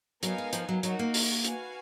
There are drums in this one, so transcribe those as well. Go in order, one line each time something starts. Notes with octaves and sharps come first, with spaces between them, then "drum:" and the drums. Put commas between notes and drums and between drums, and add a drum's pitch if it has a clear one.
F#3 B3 D#4 A#4 F5 G#5, drum: hi-hat
G#3
F3, drum: hi-hat
F#3
F#3 D#4 F#4 A#4, drum: hi-hat
A#3
drum: open hi-hat
F#4 B4 F5 G#5, drum: hi-hat